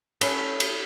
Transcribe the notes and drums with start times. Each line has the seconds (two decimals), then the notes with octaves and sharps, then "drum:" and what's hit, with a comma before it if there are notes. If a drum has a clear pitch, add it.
0.21 C#4 A4 C#5 B5, drum: cymbal
0.60 drum: cymbal